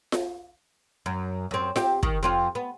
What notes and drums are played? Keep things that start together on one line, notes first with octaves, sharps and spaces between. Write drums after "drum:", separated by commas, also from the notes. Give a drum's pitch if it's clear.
drum: snare F4
F#2
F#2 C4
C4 G4, drum: snare F4
D#3, drum: kick
F2 C4 F4
B3